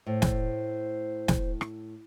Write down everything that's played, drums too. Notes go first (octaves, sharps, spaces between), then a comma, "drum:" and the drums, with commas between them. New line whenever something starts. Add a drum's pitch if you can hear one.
A2 C5
drum: snare
drum: snare
drum: rim click